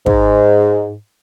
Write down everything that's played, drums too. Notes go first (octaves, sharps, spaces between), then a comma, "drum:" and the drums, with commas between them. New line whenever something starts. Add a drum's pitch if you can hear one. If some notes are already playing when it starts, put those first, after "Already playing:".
G#2, drum: kick